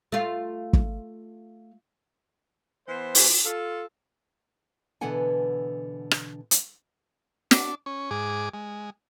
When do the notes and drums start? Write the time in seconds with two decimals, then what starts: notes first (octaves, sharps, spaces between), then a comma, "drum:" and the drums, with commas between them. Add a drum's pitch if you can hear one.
0.12 A3 F4
0.73 drum: kick
2.87 E3 B3 C5
3.15 drum: open hi-hat
3.45 F4 A4
5.01 B2 D3 E3 B3 F#5 G#5
6.11 drum: rim click
6.51 drum: hi-hat
7.51 D4, drum: snare
7.86 C#4
8.11 G#2 G#4 D6
8.54 G#3